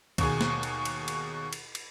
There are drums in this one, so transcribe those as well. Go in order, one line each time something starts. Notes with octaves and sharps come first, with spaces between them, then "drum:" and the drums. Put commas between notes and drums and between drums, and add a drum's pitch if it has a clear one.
D#2 B2 G#4, drum: kick, cymbal
drum: snare
drum: cymbal
drum: cymbal
drum: cymbal
drum: cymbal
drum: cymbal